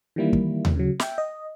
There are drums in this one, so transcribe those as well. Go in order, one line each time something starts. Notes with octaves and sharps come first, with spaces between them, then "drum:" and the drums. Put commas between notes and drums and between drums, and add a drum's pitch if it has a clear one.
D#3 E3 G3 A#3 E4
drum: kick
drum: tom D#2
C#3 F#3
E5 G5, drum: snare
D#5